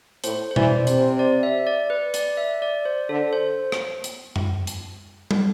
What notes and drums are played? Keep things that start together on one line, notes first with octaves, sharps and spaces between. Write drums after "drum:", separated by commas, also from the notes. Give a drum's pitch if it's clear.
A2 C5, drum: hi-hat
C5
E3 D5, drum: tom B2
C3 C5, drum: hi-hat
D5
E5
D5
B4
D5, drum: hi-hat
E5
D5
C5
D3 A4
C5
drum: rim click
drum: hi-hat
drum: tom F#2
drum: hi-hat
drum: tom